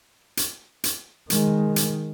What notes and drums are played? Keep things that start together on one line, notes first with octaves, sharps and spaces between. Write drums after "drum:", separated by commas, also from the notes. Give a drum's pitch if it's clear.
drum: hi-hat
drum: hi-hat
D#3 G#3, drum: hi-hat
drum: hi-hat